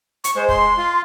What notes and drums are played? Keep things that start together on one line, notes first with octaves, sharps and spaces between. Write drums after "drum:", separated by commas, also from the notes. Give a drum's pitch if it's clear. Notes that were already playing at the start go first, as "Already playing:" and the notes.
C#6, drum: hi-hat
G#3 C5
C6, drum: kick
F4